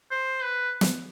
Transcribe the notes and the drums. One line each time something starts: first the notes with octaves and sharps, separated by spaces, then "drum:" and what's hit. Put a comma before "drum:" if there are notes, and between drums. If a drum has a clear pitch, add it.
C5
B4
drum: snare